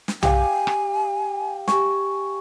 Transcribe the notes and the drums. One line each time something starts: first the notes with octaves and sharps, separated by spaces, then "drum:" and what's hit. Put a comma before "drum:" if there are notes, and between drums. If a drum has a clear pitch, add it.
drum: snare
G4 F5 G#5, drum: tom B1
drum: rim click
G4 G#5 C#6, drum: snare